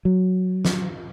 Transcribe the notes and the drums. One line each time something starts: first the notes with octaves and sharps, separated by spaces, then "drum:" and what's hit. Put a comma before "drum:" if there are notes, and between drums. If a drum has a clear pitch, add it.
F#3
drum: snare